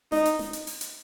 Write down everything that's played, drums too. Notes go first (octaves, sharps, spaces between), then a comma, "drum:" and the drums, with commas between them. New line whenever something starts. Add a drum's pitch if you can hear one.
D#4, drum: snare
drum: hi-hat
drum: snare
drum: hi-hat
drum: open hi-hat
drum: hi-hat